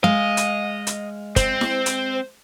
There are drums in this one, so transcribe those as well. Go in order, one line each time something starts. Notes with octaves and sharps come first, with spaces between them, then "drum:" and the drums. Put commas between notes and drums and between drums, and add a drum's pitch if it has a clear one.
G#3 D#5 F5
drum: hi-hat
drum: hi-hat
C4 C5, drum: kick, hi-hat
drum: snare E4
drum: hi-hat